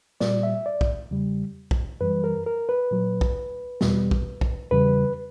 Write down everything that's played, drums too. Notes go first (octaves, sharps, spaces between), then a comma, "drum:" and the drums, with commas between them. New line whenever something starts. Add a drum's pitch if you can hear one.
A#2 G3 D5, drum: snare
E5
D5
drum: kick
E2 C#3 G3
drum: kick
F#2 E3 G3 B4
A#4
A#4
B4
A#2 F#3
drum: kick
E2 B2 G3, drum: snare
drum: kick
drum: kick
E2 C#3 G3 B4